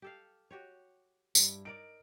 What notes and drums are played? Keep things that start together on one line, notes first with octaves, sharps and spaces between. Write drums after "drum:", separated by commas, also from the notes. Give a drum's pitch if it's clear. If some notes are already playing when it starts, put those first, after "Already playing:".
G4 A4 F5
F#4 G4 C#5
G2 E4, drum: tambourine
D#4 A#4 D5 D7